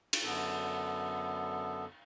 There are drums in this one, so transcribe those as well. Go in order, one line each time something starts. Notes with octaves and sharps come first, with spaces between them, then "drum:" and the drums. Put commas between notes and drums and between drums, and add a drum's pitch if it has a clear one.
drum: cymbal
F#2 D3 B3 A4